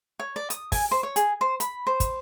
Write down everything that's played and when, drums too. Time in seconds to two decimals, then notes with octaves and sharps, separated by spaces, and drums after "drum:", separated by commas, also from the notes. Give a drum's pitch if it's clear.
0.19 C#5
0.36 D5
0.50 D#6, drum: hi-hat
0.72 G#5, drum: kick, open hi-hat
0.91 C5
1.03 C#5
1.16 G#4, drum: hi-hat
1.41 C5
1.60 B5, drum: hi-hat
1.87 C5
2.00 drum: kick, hi-hat